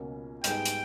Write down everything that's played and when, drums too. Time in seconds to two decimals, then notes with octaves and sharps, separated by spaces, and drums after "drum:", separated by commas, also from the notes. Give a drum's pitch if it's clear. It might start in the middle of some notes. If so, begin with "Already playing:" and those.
Already playing: C#2 B2 A#3 C#4
0.44 G#2 G3 B3 D#4 G#4 G5, drum: hi-hat
0.65 drum: hi-hat